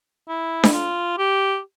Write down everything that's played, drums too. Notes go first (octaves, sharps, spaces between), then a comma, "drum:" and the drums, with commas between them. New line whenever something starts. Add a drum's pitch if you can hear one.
E4
drum: snare D4
F4
G4